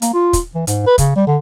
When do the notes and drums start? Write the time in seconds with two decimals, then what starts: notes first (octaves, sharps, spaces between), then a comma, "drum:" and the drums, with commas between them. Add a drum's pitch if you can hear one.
0.02 A#3, drum: hi-hat
0.14 F4
0.33 drum: kick, hi-hat
0.54 E3
0.67 G#2, drum: hi-hat
0.86 B4
0.98 C#3, drum: kick, hi-hat
1.16 G3
1.27 D3